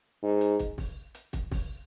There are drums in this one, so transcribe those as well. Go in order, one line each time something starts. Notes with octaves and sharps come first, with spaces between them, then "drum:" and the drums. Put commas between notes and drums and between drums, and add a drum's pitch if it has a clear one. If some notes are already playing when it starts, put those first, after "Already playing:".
G#2
drum: hi-hat
drum: kick, hi-hat
drum: kick, open hi-hat
drum: hi-hat
drum: kick, hi-hat
drum: kick, open hi-hat